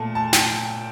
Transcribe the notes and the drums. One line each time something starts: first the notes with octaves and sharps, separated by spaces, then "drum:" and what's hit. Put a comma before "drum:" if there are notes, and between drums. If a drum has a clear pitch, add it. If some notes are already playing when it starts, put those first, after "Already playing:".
Already playing: A#2 A3 A5
A5
G5, drum: snare